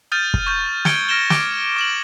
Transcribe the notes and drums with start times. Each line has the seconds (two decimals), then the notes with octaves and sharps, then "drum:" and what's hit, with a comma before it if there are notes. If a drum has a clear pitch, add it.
0.12 D#6 F6 G6 A6 D#7
0.34 drum: kick
0.47 C#6 G6
0.85 G#6 C#7 D7 G7, drum: snare
1.09 F6 G6 A#6 D7 E7 G7
1.30 D6 D7 G7, drum: snare
1.76 D6 E7 F#7